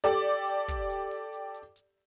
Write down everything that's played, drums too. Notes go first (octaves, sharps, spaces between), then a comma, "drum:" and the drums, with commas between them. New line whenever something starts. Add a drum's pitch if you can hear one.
G4 A4 D5, drum: hi-hat
drum: hi-hat
drum: kick, open hi-hat
drum: hi-hat
drum: open hi-hat
drum: hi-hat
drum: hi-hat
drum: hi-hat